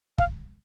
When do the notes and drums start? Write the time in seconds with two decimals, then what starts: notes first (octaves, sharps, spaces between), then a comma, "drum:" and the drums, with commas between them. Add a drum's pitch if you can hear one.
0.18 F5, drum: kick